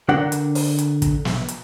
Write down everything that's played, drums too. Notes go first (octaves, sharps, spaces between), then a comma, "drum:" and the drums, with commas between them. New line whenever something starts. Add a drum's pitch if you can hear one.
D3 D4 A#4 F#5 G5
drum: hi-hat
drum: open hi-hat
drum: hi-hat
drum: kick, hi-hat
drum: snare
drum: hi-hat